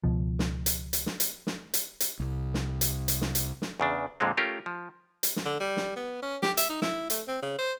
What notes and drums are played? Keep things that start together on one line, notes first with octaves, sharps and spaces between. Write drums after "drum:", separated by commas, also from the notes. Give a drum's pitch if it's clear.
C#2 B2 F3
drum: snare
drum: hi-hat
drum: hi-hat
drum: snare
drum: hi-hat
drum: snare
drum: hi-hat
drum: hi-hat
C2
drum: snare
drum: hi-hat
drum: hi-hat
drum: snare
drum: hi-hat
drum: snare
E2 C#3 D4
F2 A#2 D3 G#3 C4
A3 C#4 F4 G4 A#4
F3
drum: hi-hat
drum: snare
D3
G3
drum: snare
B3
C#4
G4, drum: snare
E5, drum: hi-hat
D#4
E4, drum: snare
A3, drum: hi-hat
C4
C#3
C5